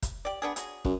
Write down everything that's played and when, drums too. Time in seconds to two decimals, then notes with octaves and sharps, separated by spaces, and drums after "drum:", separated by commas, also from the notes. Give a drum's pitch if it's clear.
0.02 drum: kick, hi-hat
0.25 G4 D5
0.42 B3 D4 G#4
0.56 F#3 G#4, drum: hi-hat
0.85 F#2, drum: kick